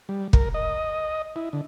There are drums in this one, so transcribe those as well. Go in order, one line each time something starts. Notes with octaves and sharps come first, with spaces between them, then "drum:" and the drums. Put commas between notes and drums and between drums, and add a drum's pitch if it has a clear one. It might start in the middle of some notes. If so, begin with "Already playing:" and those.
G3
A#4, drum: kick
D#5
E4
D3